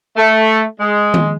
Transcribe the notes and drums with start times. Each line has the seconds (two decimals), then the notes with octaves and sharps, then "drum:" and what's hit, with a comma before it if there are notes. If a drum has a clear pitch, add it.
0.16 A3
0.80 G#3
1.14 drum: tom D#3